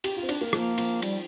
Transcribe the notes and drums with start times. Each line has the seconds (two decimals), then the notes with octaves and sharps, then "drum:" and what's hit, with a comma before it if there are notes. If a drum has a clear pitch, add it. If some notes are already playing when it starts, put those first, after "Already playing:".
0.04 G4, drum: cymbal
0.17 F4
0.23 C4
0.29 D4, drum: cymbal
0.41 A#3
0.53 F3 A#3, drum: rim click
0.78 F3, drum: cymbal
1.02 G3, drum: cymbal